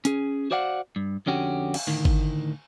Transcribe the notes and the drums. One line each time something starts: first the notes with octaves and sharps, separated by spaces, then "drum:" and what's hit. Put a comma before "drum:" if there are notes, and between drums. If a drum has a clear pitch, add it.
C#4 G#4, drum: hi-hat
F#4 C5 D5 F5 F#5
G2
F2 D3 C#4 F#4 G4
drum: cymbal
D2 A2 D#3
drum: kick G1